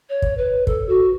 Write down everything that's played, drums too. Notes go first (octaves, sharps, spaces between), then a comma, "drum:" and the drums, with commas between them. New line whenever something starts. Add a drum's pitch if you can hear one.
C#5
drum: kick
B4
A4, drum: kick
F#4